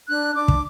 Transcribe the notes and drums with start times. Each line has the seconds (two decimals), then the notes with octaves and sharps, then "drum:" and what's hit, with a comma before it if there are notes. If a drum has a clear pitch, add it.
0.08 D4 F#6
0.35 D4 D6
0.48 drum: kick